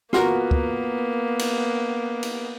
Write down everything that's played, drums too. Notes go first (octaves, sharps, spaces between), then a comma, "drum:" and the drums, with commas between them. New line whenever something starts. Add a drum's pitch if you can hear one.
A#3 B3 F4 F#4 A#4, drum: snare
drum: kick
drum: cymbal
drum: cymbal